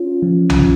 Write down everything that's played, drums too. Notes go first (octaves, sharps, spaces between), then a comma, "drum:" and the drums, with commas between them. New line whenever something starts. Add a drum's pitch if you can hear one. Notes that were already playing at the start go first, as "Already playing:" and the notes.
Already playing: C#4 F4
F3
drum: tom B1